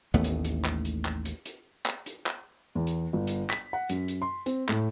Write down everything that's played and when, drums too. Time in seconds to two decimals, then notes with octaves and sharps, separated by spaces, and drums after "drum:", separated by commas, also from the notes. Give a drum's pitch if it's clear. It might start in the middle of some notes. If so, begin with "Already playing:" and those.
0.14 A1 D#2 A3 B3
0.24 drum: hi-hat
0.45 drum: hi-hat
0.65 drum: clap
0.85 drum: hi-hat
1.05 drum: clap
1.25 drum: hi-hat
1.46 drum: hi-hat
1.86 drum: clap
2.06 drum: hi-hat
2.26 drum: clap
2.75 E2
2.87 drum: hi-hat
3.13 G1
3.27 drum: hi-hat
3.50 B6, drum: clap
3.73 F#5
3.89 F#2, drum: hi-hat
4.08 drum: hi-hat
4.22 C6
4.46 C4, drum: hi-hat
4.69 A2, drum: clap